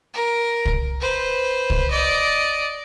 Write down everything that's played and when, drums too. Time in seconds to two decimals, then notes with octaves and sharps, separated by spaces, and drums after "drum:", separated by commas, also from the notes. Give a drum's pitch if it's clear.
0.13 A#4
0.65 drum: kick
1.00 B4 C5
1.70 drum: kick
1.91 D5 D#5